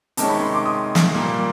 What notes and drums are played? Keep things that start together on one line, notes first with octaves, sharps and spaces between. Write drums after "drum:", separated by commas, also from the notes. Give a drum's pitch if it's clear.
C3 D#3 G#3 C#4 A5, drum: hi-hat
B5
C6
D6
D#6
drum: snare
A#2 G3 A#3